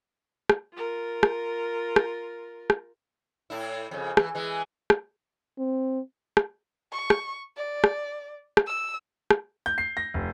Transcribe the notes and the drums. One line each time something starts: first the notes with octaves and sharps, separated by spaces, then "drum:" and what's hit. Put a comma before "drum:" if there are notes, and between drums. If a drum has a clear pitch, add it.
drum: rim click
F4 A#4
drum: rim click
drum: rim click
drum: rim click
A2 E4
F2 C#3
E3, drum: rim click
E3 G#3
drum: rim click
C4
drum: rim click
C#6
drum: rim click
D5
drum: rim click
drum: rim click
E6
drum: rim click
G6
C7
A#6
F1